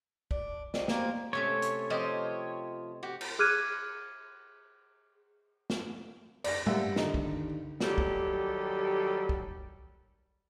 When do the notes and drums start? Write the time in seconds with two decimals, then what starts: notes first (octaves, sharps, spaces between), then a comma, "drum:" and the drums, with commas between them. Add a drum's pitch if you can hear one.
0.31 D4, drum: kick
0.74 G3 C4 D#4, drum: snare
0.88 A#3, drum: snare
1.33 C3 A3 C#4 C#5
1.62 drum: hi-hat
1.90 F3 C4 G4 C5 D#5
3.03 F#4 G4
3.21 drum: cymbal
3.39 G#4 D6 F6 F#6 G#6 D#7
5.70 drum: snare
6.44 D5 A#6, drum: cymbal
6.66 G2 A#3 E5 F#5, drum: tom A2
6.96 D3 D#3 D#4, drum: snare
7.14 drum: kick
7.80 D#2 F#3 G3 G4 A4, drum: snare
7.98 drum: kick
9.29 drum: kick